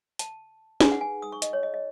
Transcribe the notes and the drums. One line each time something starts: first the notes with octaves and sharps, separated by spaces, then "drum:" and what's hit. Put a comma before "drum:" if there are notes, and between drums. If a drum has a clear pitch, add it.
A5, drum: hi-hat
D#4 G#4 B4 G#5, drum: snare
F#5
G#5
D#6
C#6
D#5, drum: hi-hat
C#5
D#5
D#5